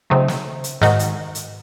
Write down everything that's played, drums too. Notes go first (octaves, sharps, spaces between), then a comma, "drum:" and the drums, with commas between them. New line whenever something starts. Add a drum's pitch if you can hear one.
C#3 F#3 A3 C4 D#4
drum: snare
drum: hi-hat
G#2 D#3 G#3 D#4 F#4, drum: snare
drum: hi-hat
drum: hi-hat